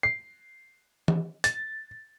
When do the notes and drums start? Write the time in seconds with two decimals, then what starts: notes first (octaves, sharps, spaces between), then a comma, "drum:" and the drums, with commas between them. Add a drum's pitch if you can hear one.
0.03 C7
1.08 drum: tom E3
1.44 A6, drum: hi-hat